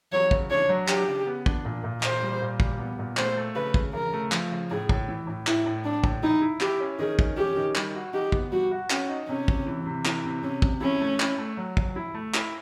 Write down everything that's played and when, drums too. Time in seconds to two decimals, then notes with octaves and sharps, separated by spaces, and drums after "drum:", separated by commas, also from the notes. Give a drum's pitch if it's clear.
0.12 F#3 C#5
0.31 C#3, drum: kick
0.50 D4 C#5
0.69 F#3
0.88 D4 G4, drum: clap
1.08 C#3
1.26 B3
1.46 D4, drum: kick
1.65 A#2
1.84 A#2
2.03 A#2 C5, drum: clap
2.22 G3
2.42 A#2
2.60 G3, drum: kick
2.79 B3
2.99 A#2
3.17 A3 C5, drum: clap
3.37 A3
3.56 C#3 B4
3.74 C#3, drum: kick
3.93 C#3 A#4
4.13 A3
4.32 F3, drum: clap
4.52 C#3
4.70 A2 G#4
4.89 A2, drum: kick
5.08 E3
5.27 A2
5.47 A2 E4, drum: clap
5.66 A2
5.85 A2 D4
6.04 A2, drum: kick
6.23 D#4 E4
6.41 E4
6.61 E4 G4, drum: clap
6.80 C#4
6.99 D#3 G#4
7.19 C#4, drum: kick
7.37 C#4 G4
7.56 D#3
7.75 G3, drum: clap
7.95 F#4
8.13 D#4 G4
8.32 B3, drum: kick
8.51 G3 F#4
8.71 F#4
8.90 C#4 F#4, drum: clap
9.09 D#4
9.28 C3 C#4
9.48 C3, drum: kick
9.67 E3
9.86 C3
10.05 E3, drum: clap
10.24 C3
10.43 C3 C#4
10.62 C3, drum: kick
10.81 C#4 E4
11.01 A3
11.20 E4, drum: clap
11.38 A3
11.57 F#3
11.77 F#3, drum: kick
11.96 E4
12.14 A3
12.34 E4, drum: clap